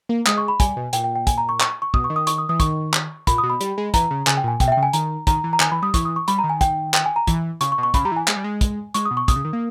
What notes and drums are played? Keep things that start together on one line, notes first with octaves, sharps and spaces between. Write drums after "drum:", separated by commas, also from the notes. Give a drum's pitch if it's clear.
A#3
G#3 D#6, drum: clap
C#6
B5
G3 G#5, drum: kick, hi-hat
B2
A#2 G5, drum: hi-hat
G5
G5
G#5, drum: kick, hi-hat
A#5
C#6
C#6, drum: clap
C#6
B2 D#6, drum: kick
C#6
D#3
D#6
C#6, drum: hi-hat
D#6
E3 D#6
D#3 C#6, drum: kick, hi-hat
drum: clap
A#2 B5, drum: kick, hi-hat
D#6
B2
B5
G3, drum: hi-hat
G#3
E3 A#5, drum: kick, hi-hat
C#3
C#3 G#5, drum: clap
G5
A#2 G#5
B2 G5, drum: kick, hi-hat
E5
C#3 G5
G#5
D#3 A#5, drum: hi-hat
D#3 A#5, drum: kick, hi-hat
E3
A#5
D#3 G#5, drum: clap
E3 B5
G3 D#6
E3 C#6, drum: kick, hi-hat
D#6
C#6
G3 B5, drum: hi-hat
A#5
D#3
G#5
G5, drum: kick, hi-hat
G5, drum: clap
G#5
A#5
E3, drum: kick, hi-hat
C#3 C#6, drum: hi-hat
C#6
B2
C#6
C#3 B5, drum: kick, hi-hat
G3 A#5
E3 G#5
G#3, drum: clap
G3
G#3
drum: kick, hi-hat
G#3 C#6, drum: hi-hat
D#6
B2
C#6
B2 D#6, drum: kick, hi-hat
C#3
D#3
A#3